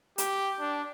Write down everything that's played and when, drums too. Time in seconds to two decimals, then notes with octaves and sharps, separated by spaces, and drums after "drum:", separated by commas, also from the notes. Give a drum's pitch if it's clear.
0.18 G4, drum: hi-hat
0.60 D4